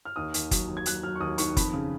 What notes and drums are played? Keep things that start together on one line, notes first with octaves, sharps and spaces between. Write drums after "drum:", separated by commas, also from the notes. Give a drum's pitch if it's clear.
F6
D#2 D#6
D#2, drum: hi-hat
F#3, drum: kick, hi-hat
D#2
G#6
F#3 F#6, drum: hi-hat
F#3 F6
C#6
D#2 D#6
D#3 C#6, drum: hi-hat
F2 B5, drum: kick, hi-hat
C#3